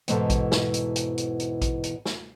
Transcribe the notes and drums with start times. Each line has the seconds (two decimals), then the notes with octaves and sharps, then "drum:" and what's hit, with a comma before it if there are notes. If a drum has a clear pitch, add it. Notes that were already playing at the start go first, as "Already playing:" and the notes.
0.08 E2 G#2 B2 E3 A4 A5, drum: hi-hat
0.30 drum: kick A#1, hi-hat
0.52 drum: snare
0.74 drum: hi-hat
0.96 drum: hi-hat
1.18 drum: hi-hat
1.40 drum: hi-hat
1.62 drum: kick A#1, hi-hat
1.84 drum: hi-hat
2.06 drum: snare